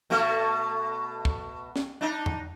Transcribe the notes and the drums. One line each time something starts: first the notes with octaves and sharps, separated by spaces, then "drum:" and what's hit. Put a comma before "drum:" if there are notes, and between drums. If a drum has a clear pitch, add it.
B2 A3 F#4
drum: kick
drum: snare
D4 D#4
drum: tom E2